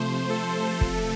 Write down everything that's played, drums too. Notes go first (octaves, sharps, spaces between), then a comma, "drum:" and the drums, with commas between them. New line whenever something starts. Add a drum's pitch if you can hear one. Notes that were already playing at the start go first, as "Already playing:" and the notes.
Already playing: C3 F3 A3 C5
A4
C3 F3 A3, drum: kick